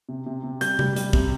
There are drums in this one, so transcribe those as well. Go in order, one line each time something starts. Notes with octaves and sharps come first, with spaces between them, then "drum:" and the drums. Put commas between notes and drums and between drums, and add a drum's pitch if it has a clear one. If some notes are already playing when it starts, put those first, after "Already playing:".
C3
C3
C3
G3 G6, drum: hi-hat
G3, drum: tom C3
G3, drum: hi-hat
C3, drum: kick